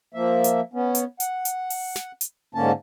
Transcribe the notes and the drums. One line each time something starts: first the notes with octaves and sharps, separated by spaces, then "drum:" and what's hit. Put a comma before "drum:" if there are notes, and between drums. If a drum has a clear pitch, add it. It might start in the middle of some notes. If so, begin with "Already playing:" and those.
F3 A#3 E5
drum: hi-hat
B3 C#4
drum: hi-hat
F#5, drum: hi-hat
drum: hi-hat
drum: open hi-hat
drum: snare
drum: hi-hat
G#2 D3 A#3 C#4 A5